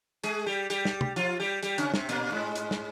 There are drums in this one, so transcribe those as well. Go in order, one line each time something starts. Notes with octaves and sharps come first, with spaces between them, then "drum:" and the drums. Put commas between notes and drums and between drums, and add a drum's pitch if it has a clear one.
G#3 G#4, drum: hi-hat
G3 G4
G3 G4, drum: hi-hat
drum: snare
drum: tom
F3 F4, drum: hi-hat
G3 G4
G3 G4, drum: hi-hat
C#3 C#4, drum: hi-hat
C3 C4, drum: snare
A#2 A#3, drum: hi-hat
G#2 G#3
drum: hi-hat
drum: snare